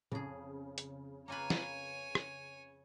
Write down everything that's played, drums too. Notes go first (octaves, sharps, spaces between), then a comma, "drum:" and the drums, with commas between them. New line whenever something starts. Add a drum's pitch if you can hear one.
F2 C#3 G#4
drum: hi-hat
A#3 F4 B4 C#5 G#5
drum: snare
drum: rim click